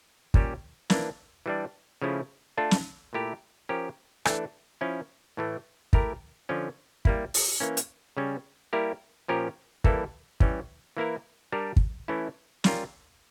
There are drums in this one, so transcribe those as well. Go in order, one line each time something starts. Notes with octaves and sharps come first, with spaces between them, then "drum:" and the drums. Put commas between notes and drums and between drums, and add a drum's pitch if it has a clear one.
A#2 G3 C#4 G4, drum: kick
E3 A#3 D4, drum: snare
E3 G3 D4
C#3 F3 A3 C#4 E4
A3 D4 F4 A4
drum: snare
A#2 A3 E4 G4 A#4
F3 C#4 G4 A#4
E3 A3 D4 A4, drum: rim click
F3 C#4 E4
A2 E3 A3
A3 E4 G4 A#4, drum: kick
D3 F3 C#4
G3 A#3 E4, drum: kick
drum: open hi-hat
E3 A#3 C#4
drum: hi-hat
C#3 G3 C#4
G3 A#3 E4 G4 A#4
A#2 F3 C#4 G4 A#4
E3 G3 A#3 E4 A4, drum: kick
E3 G3 C#4, drum: kick
E3 A#3 E4 A#4
G3 D4 G4 A#4
drum: kick
E3 A3 C#4 E4
G3 C#4 F4 A#4, drum: snare